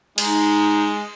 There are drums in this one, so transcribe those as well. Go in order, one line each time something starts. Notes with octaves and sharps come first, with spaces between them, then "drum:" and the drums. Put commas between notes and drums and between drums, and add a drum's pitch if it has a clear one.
G#3 D#4, drum: cymbal